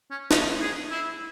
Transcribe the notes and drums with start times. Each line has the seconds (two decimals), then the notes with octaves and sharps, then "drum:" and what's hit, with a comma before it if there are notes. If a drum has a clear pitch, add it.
0.11 C#4
0.31 D#4, drum: snare
0.61 G#4
0.91 E4